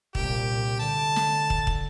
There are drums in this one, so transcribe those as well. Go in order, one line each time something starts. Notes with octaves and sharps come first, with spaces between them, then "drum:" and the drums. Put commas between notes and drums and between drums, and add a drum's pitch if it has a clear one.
C2 A#2 G4, drum: kick
D3 A5
drum: snare
drum: kick
drum: kick